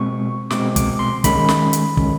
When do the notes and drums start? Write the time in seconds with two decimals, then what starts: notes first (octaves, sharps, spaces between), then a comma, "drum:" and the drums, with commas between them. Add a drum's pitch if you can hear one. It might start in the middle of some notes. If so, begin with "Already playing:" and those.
Already playing: B2 G#3 C4 C#6
0.50 B2 G#3 C4 D6, drum: snare
0.76 D6, drum: kick, hi-hat
0.99 C6
1.24 D#3 G#3 C#4 B5, drum: kick, hi-hat
1.49 drum: snare
1.73 drum: hi-hat
1.97 D#3 G#3 C#4, drum: kick